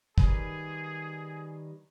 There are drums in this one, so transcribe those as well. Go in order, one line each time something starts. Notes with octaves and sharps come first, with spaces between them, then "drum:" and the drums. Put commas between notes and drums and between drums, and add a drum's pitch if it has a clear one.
D#3 G3 G#4 B4, drum: kick